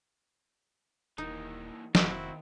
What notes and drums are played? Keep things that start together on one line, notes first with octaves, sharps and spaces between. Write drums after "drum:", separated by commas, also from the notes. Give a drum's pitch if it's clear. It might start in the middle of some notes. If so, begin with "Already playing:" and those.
D#1 E3 A#3 D#4
F1 D#2 C4 E4 F#4, drum: snare